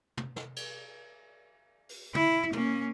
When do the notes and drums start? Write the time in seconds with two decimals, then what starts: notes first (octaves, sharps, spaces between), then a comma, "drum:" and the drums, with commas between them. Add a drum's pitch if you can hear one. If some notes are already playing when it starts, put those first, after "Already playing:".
0.17 drum: tom
0.36 drum: snare
0.56 drum: cymbal
1.89 drum: open hi-hat
2.15 E4, drum: tom
2.53 A#3 C#4, drum: tom